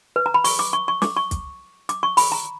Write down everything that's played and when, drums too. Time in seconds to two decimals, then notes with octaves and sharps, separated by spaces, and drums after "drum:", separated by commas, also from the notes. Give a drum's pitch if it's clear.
0.16 B4
0.26 A#5
0.34 B5
0.44 C#6, drum: open hi-hat
0.59 D6
0.73 C#6
0.88 C#6
1.02 D6, drum: snare
1.16 C#6
1.31 drum: kick, hi-hat
1.89 D6, drum: hi-hat
2.03 C#6
2.17 B5, drum: open hi-hat
2.32 A#5